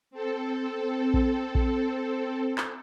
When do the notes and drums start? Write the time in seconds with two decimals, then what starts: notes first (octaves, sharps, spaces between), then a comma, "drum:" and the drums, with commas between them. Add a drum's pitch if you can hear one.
0.11 C4 A4
1.14 drum: kick A#1
1.55 drum: kick A#1
2.58 drum: clap